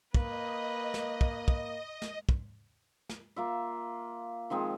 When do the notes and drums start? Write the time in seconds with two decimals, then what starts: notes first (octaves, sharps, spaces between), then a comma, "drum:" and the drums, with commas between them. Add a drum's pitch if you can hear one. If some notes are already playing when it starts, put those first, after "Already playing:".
0.14 A#3 B4 D#5, drum: kick
0.94 drum: snare
1.21 drum: kick
1.48 drum: kick
2.02 drum: snare
2.29 drum: kick
3.09 drum: snare
3.36 A#3 F4 E5
4.50 D#3 F3 G#3 C4